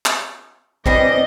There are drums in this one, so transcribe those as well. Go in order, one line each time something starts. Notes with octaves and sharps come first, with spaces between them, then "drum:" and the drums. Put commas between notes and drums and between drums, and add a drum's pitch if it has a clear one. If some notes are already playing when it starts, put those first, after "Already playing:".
drum: clap
E3 G3 C4 D4 D#5, drum: kick B1